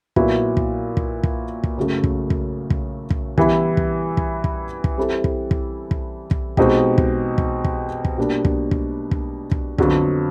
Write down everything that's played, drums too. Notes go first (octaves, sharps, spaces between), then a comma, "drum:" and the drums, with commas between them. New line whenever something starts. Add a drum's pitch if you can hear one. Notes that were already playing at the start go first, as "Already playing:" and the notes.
A#2 F#3 B3 E4, drum: kick
drum: kick
drum: kick
drum: kick
drum: kick
F#2 C#3 F#3 A3
drum: kick
drum: kick
drum: kick
drum: kick
E3 G3 B3 E4, drum: kick
drum: kick
drum: kick
drum: kick
drum: kick
G3 C4 E4 A4
drum: kick
drum: kick
drum: kick
drum: kick
B2 G#3 C4 D#4 G4, drum: kick
drum: kick
drum: kick
drum: kick
drum: kick
B2 G3 A#3 D4
drum: kick
drum: kick
drum: kick
drum: kick
F2 D3 F#3 B3, drum: kick